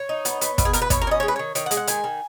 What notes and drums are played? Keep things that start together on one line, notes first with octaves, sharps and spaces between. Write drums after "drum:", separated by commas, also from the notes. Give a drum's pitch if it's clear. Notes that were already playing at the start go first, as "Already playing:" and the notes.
Already playing: C#5
D#4
B3, drum: hi-hat
B3, drum: hi-hat
B2, drum: kick, hi-hat
G#4
B2 A#4, drum: hi-hat
B4
B2 C#5, drum: kick, hi-hat
A#4
C#4 D#5
G#3 C#5
B4
D#3 C#5
D#3 C#5, drum: hi-hat
F#5
G#3, drum: hi-hat
F#5
D#3 G#5, drum: hi-hat
D#3